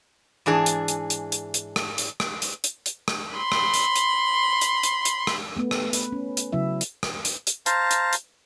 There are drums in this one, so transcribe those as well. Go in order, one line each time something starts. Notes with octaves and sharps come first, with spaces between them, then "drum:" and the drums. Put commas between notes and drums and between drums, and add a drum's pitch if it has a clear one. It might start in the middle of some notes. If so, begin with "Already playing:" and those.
G#2 E3 D4 G#4 A5
drum: hi-hat
drum: hi-hat
drum: hi-hat
drum: hi-hat
drum: hi-hat
drum: rim click
drum: hi-hat
drum: rim click
drum: hi-hat
drum: hi-hat
drum: hi-hat
drum: rim click
B5 C6
drum: rim click
drum: hi-hat
drum: hi-hat
drum: hi-hat
drum: hi-hat
drum: hi-hat
drum: rim click
A3 B3
drum: rim click
B4, drum: hi-hat
C#4
drum: hi-hat
C#3 F#3 E4 E5
drum: hi-hat
drum: rim click
drum: hi-hat
drum: hi-hat
C5 F5 A5 A#5, drum: hi-hat
drum: hi-hat
drum: hi-hat